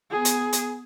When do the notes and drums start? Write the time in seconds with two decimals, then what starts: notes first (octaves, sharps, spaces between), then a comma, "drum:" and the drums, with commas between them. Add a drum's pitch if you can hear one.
0.11 B3 G#4
0.25 drum: hi-hat
0.53 drum: hi-hat